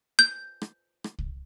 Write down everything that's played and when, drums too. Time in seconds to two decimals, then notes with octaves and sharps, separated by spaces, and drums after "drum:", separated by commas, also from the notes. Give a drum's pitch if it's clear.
0.19 G6
0.62 drum: rim click
1.04 drum: rim click
1.19 drum: kick C2